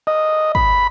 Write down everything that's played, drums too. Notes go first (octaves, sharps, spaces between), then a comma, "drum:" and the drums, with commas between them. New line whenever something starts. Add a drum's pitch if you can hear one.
D#5
B5, drum: kick